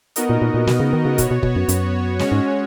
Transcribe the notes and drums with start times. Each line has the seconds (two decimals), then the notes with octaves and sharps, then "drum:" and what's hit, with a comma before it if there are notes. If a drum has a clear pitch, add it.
0.16 B3 D#4 F#4 A#4 D#5, drum: hi-hat
0.30 A#2
0.42 A#2
0.54 A#2
0.67 B2, drum: snare
0.80 C#3
0.93 D#3
1.05 C#3
1.18 B2 B3 F#4 C#5, drum: kick, hi-hat
1.31 B2
1.43 B2, drum: kick
1.56 F#2
1.69 F#2, drum: hi-hat
2.19 G#3 C#4 F#4 C#5, drum: snare
2.32 G#2